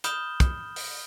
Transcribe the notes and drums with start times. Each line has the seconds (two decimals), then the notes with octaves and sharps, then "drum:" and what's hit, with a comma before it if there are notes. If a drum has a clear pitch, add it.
0.04 B5 D#6 F6 G6 E7 G7, drum: hi-hat
0.40 drum: kick, hi-hat
0.76 drum: open hi-hat